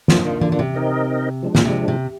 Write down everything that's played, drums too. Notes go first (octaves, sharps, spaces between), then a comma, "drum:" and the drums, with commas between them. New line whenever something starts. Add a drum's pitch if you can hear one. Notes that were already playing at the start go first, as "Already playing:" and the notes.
F3 A#3 D4 F4, drum: snare
F3
D#3
D3, drum: tom E3
D3
C3
C4 D#4 A#4 D#5
F3 G#3 D4
A#2, drum: snare
C3
C3